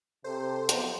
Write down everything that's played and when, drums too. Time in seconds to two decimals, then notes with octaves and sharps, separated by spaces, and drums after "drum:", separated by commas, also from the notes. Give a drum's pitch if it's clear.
0.24 C3 A4 C5
0.69 F3 F#3 B3, drum: hi-hat